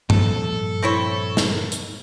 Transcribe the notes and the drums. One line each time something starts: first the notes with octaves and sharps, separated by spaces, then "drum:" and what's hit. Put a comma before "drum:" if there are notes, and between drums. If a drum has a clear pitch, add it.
G2 A#2 F3 A4, drum: tom G2
C4 E4 C#5
drum: snare
drum: hi-hat